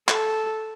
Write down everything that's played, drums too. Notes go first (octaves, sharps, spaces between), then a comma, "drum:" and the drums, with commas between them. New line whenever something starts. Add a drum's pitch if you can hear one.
A4, drum: clap